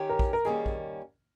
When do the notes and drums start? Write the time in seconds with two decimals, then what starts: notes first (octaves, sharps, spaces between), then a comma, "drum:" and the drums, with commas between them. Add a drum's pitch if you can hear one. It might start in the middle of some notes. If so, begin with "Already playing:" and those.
Already playing: D#3 C#4 G4
0.09 A#4
0.19 drum: kick A#1
0.33 A#4
0.45 D#3 G3 A#3 C#4 G#4
0.66 drum: kick A#1